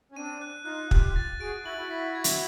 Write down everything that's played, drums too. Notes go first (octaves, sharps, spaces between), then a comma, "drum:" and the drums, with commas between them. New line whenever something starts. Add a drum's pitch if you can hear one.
C#4
C4 D4 D#7
F#6
D#4 F4 F#6
F4 G4 F#6, drum: kick
A6
F#4 G#4 D7
E4 F#4 F#7
E4 F#4
B6
G#6
drum: hi-hat